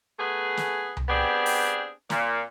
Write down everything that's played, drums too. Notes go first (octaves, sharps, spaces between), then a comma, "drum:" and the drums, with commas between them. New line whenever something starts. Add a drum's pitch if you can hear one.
A3 B3 G#4
drum: snare
drum: tom C2
B3 C4 D4 G4 G#4
drum: open hi-hat
A#2, drum: snare